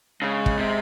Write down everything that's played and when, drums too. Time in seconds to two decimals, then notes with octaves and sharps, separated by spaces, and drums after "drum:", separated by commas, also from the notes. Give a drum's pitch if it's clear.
0.22 C#3 G#3
0.46 drum: kick
0.59 C3